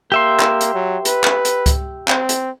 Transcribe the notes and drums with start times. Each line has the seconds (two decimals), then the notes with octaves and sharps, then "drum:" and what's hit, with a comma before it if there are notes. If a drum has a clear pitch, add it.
0.12 A#3 G4 E5 C6
0.40 drum: clap
0.61 drum: hi-hat
0.74 F#3
1.05 B4, drum: hi-hat
1.24 drum: clap
1.45 drum: hi-hat
1.66 drum: kick C#2, hi-hat
2.08 C4, drum: clap
2.29 drum: hi-hat